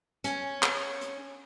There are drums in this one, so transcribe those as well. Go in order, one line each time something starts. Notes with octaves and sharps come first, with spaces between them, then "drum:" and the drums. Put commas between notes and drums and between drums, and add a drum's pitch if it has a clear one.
C#4, drum: hi-hat
drum: clap
drum: hi-hat